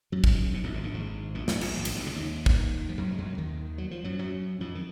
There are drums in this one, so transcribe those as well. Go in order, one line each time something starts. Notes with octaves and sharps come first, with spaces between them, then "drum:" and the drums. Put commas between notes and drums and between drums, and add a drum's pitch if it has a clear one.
F#2 F#3
drum: kick
D#3
C#3
B1 B2
A#1 A#2
G#1 G#2
A#1 A#2
G#1 G#2
A#1 A#2
B1 B2, drum: snare
A#1 A#2, drum: cymbal
G#1 G#2
A#1 A#2, drum: cymbal
B1 B2
C#2 C#3
D#2 D#3
drum: kick
F3
F#2 F#3
G#3
F#2 F#3
D#2 D#3
F#3
F3
F#2 F#3
F#2 F#3
F2 F3
D#3